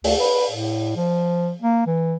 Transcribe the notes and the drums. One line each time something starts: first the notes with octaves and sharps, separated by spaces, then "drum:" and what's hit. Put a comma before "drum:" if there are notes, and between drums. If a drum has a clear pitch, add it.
D2, drum: open hi-hat
B4
A2
F3
A#3
E3